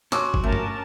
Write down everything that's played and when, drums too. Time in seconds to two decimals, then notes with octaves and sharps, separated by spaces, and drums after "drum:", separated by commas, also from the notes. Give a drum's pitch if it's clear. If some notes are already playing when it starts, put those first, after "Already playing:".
0.12 C#4 F#4 A5 C6 D6 E6, drum: hi-hat
0.34 drum: kick G1
0.43 A3 C#4 A#4 A5
0.53 drum: tom G2